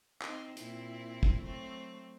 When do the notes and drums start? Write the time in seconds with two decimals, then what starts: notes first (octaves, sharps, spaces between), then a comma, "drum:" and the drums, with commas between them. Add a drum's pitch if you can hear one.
0.22 C4 D#4, drum: clap
0.57 A#2 C4 E4, drum: hi-hat
1.23 drum: kick
1.43 F#3 A3 C4